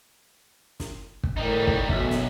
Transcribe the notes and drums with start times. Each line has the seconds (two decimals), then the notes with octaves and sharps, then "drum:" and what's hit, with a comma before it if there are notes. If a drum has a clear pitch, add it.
0.80 drum: snare
1.23 drum: kick
1.38 A2 D#3 G3 D#4
1.67 drum: kick
1.89 B1 B2 A3 E5, drum: kick
2.11 drum: snare